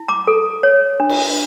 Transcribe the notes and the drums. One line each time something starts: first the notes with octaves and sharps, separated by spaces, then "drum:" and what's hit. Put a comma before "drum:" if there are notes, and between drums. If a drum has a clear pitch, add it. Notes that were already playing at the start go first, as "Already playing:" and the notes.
Already playing: E4
A#5 D6
A4
C#5
D4
drum: cymbal